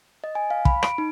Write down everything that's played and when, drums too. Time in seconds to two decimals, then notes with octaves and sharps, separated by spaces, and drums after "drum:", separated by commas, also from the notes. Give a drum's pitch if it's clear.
0.24 D#5
0.35 G#5
0.50 F5
0.65 B5, drum: kick
0.83 D7, drum: rim click
0.98 D#4